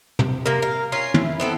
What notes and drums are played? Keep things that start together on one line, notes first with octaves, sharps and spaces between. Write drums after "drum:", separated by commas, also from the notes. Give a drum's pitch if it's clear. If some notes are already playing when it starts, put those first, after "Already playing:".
C3, drum: tom
C3 A#3 A#4
F5
C#4 F4 A#4 C7
E4, drum: tom
B3 C4 A4